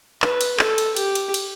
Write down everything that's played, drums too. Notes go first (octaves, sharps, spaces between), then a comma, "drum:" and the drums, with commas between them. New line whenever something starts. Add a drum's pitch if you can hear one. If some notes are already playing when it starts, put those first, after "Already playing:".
B4, drum: clap
drum: cymbal
A4, drum: clap
drum: cymbal
G4, drum: cymbal
drum: cymbal
drum: cymbal